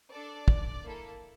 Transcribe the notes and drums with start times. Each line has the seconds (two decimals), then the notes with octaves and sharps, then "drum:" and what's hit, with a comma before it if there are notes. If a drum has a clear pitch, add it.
0.11 D4 A4 D5
0.48 drum: kick
0.84 A#3 E4 A4